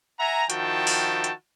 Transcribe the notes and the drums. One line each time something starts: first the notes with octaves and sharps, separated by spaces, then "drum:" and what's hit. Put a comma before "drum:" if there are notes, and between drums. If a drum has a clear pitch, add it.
E5 F#5 G#5 A#5
D#3 F3 E4 F#4 G5 A5, drum: hi-hat
drum: open hi-hat
drum: hi-hat